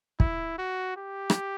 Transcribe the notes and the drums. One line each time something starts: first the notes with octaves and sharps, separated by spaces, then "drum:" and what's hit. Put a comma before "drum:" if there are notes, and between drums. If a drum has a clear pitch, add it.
E4, drum: kick
F#4
G4
drum: rim click